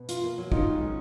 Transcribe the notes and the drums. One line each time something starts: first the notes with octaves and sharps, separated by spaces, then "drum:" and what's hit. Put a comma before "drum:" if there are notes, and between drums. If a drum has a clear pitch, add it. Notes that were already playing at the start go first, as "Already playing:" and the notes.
Already playing: B2 B3
F4, drum: hi-hat
A#3
F#3
D#3 D#4 F4, drum: kick
G#3
C#4